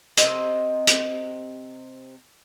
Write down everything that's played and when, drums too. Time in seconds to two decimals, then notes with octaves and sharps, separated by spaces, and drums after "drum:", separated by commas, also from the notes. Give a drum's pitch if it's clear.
0.17 C3 C4 D#5, drum: hi-hat
0.87 drum: hi-hat